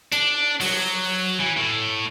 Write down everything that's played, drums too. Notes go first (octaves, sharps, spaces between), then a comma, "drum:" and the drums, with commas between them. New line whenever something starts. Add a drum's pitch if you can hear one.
D4, drum: cymbal
F#3, drum: open hi-hat
E3
A2